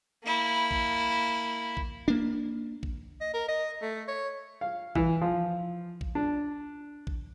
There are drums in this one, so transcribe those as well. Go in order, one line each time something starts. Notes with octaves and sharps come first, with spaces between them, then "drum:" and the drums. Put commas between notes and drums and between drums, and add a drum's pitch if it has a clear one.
A#3 E4
drum: kick A#1
drum: kick A#1
A#3 D4
drum: kick A#1
D#5
A#4
D#5
A3
C#5
F5
E3, drum: kick A#1
F3
drum: kick A#1
D4
drum: kick A#1